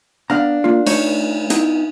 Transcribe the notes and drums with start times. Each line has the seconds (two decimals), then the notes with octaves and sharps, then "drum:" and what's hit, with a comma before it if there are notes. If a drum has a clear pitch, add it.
0.30 B3 D4 F5 A#5
0.64 A#3 F4
0.86 A3 D#4 C#5, drum: cymbal
1.50 B3 D#4 E4, drum: hi-hat